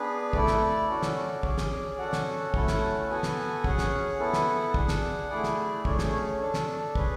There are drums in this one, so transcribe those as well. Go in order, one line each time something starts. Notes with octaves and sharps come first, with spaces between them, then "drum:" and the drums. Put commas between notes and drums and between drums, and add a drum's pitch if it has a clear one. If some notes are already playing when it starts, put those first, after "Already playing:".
Already playing: B3 D4 G#4 B4
A3 E4 A4 D5, drum: kick
drum: snare
C#4 F#4 A4
drum: snare
C#4 G#4, drum: kick
drum: snare
C#4 F#4 A4 F#5
drum: snare
A3 C#4 E4 A4, drum: kick
drum: snare
B3 F#4 A4 G#5
drum: snare
C#4 G#4 F#5, drum: kick
drum: snare
B3 E4 A4
drum: snare
D4 G#4, drum: kick
drum: snare
A3 E4 G#4 D5
drum: snare
A3 C#4 G#4 C#5, drum: kick
drum: snare
C#5
D4 A4
drum: snare
C#4 G#4 B4, drum: kick